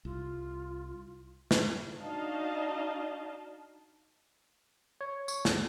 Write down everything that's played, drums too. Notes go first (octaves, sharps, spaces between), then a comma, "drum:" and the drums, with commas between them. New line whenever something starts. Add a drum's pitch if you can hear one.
C2 F4
drum: snare
D4 D#4 F#4 D#5 F5 A5
C#5
C#6, drum: tambourine
D#2, drum: snare